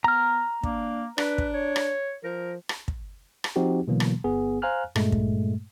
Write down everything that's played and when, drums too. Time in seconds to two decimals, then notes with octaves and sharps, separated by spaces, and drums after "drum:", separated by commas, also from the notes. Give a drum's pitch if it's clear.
0.04 B3 A#5 F6
0.63 A#3 D4, drum: kick
1.18 D4 B4, drum: rim click
1.38 drum: kick
1.54 C#5
1.76 drum: rim click
2.24 F3 A#4
2.69 drum: rim click
2.88 drum: kick
3.44 drum: rim click
3.56 F3 C4 D#4 F#4 G4
3.88 B2 D3 E3 F#3 A#3
4.00 drum: rim click
4.24 G1 B3 G#4
4.62 C5 F5 G#5 A#5 F6 F#6
4.96 G2 A#2 G#3 A3, drum: rim click
5.12 drum: kick